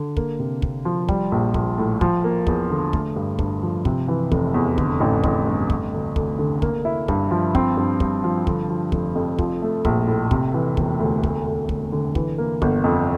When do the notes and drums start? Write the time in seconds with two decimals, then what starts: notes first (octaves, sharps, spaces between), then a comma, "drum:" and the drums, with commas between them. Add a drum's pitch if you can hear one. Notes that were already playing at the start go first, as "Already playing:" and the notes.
Already playing: D3
0.17 A#3, drum: kick
0.39 C3
0.62 C3, drum: kick
0.85 F3
1.09 G3, drum: kick
1.32 A#1
1.54 A#1, drum: kick
1.78 A2
2.01 F3, drum: kick
2.24 A#3
2.47 E2, drum: kick
2.70 D3
2.93 A3, drum: kick
3.16 G2
3.39 G2, drum: kick
3.63 F3
3.85 C3, drum: kick
4.08 E3
4.32 F1, drum: kick
4.54 E2
4.78 D3, drum: kick
5.00 A1
5.24 A1, drum: kick
5.47 G2
5.70 A3, drum: kick
5.93 D2
6.16 D2, drum: kick
6.39 D3
6.62 A#3, drum: kick
6.85 E4
7.08 G2, drum: kick
7.31 F3
7.55 C4, drum: kick
7.77 G2
8.00 G2, drum: kick
8.24 F3
8.47 D3, drum: kick
8.70 F3
8.92 F1, drum: kick
9.15 F2
9.39 F3, drum: kick
9.62 A3
9.85 A#1, drum: kick
10.07 A2
10.31 C3, drum: kick
10.54 E3
10.77 E1, drum: kick
11.00 D2
11.24 A3, drum: kick
11.46 D2
11.69 D2, drum: kick
11.92 D3
12.15 E3, drum: kick
12.38 A#3
12.62 G1, drum: kick
12.84 F2